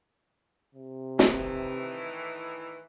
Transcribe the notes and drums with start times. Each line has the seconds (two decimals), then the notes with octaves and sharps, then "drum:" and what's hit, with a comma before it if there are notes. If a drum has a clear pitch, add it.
0.75 C3
1.19 A2 D#3 E3, drum: snare